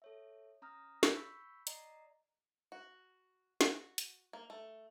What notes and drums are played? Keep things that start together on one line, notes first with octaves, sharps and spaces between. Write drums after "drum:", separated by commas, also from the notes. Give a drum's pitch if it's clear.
A4 C#5 E5
C#4 A#5 D#6 F6 A#6
drum: snare
B5 C#6 E6 G6 B6
D5 D#5 A#5 C7, drum: hi-hat
F#4
F#4, drum: snare
drum: hi-hat
A#3
A3